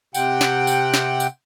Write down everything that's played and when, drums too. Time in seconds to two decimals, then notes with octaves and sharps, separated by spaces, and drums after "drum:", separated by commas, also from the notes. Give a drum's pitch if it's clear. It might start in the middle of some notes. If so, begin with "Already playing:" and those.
0.14 C3 F#5 G5, drum: tambourine
0.41 drum: snare
0.67 drum: tambourine
0.94 drum: snare
1.20 drum: tambourine